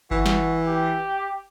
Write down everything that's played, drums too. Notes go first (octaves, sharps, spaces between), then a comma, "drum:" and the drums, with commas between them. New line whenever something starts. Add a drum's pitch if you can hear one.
E3 F#4, drum: kick G1
drum: snare
G4